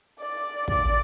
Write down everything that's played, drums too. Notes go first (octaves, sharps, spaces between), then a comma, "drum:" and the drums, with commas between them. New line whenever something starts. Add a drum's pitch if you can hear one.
D5
D5, drum: kick